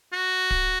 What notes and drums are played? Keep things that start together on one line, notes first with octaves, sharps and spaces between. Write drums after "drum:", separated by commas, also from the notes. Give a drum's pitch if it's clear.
F#4
drum: kick D1